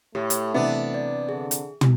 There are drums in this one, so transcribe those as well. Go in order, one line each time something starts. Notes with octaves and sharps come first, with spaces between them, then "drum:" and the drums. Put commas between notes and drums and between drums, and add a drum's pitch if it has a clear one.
A2 A3 G4
drum: hi-hat
C3 E3 B3 D4 E5
D5
D3 G#4
drum: hi-hat
drum: tom